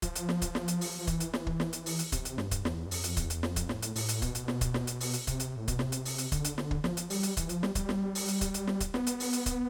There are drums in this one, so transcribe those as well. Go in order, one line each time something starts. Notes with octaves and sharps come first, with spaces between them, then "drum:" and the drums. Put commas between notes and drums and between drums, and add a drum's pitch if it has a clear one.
F3, drum: kick, hi-hat
drum: hi-hat
drum: snare
drum: kick, hi-hat
drum: snare
drum: hi-hat
drum: open hi-hat
F3
E3, drum: kick, hi-hat
drum: hi-hat
drum: snare
drum: kick
drum: snare
drum: hi-hat
drum: open hi-hat
drum: hi-hat
C3, drum: kick, hi-hat
drum: hi-hat
G2, drum: snare
drum: kick, hi-hat
E2, drum: snare
G2
F2, drum: open hi-hat
drum: hi-hat
E2, drum: kick, hi-hat
drum: hi-hat
F2, drum: snare
drum: kick, hi-hat
A2, drum: snare
drum: hi-hat
A2, drum: open hi-hat
drum: hi-hat
B2, drum: kick, hi-hat
drum: hi-hat
drum: snare
drum: kick, hi-hat
drum: snare
drum: hi-hat
drum: open hi-hat
drum: hi-hat
C3, drum: kick, hi-hat
drum: hi-hat
A2
B2, drum: kick, hi-hat
C3, drum: snare
drum: hi-hat
drum: open hi-hat
drum: hi-hat
D3, drum: kick, hi-hat
drum: hi-hat
drum: snare
drum: kick
F3, drum: snare
drum: hi-hat
G3, drum: open hi-hat
drum: hi-hat
E3, drum: kick, hi-hat
F3, drum: hi-hat
G3, drum: snare
G3, drum: kick, hi-hat
drum: snare
drum: open hi-hat
drum: hi-hat
drum: kick, hi-hat
drum: hi-hat
drum: snare
drum: kick, hi-hat
B3, drum: snare
drum: hi-hat
drum: open hi-hat
drum: hi-hat
drum: kick, hi-hat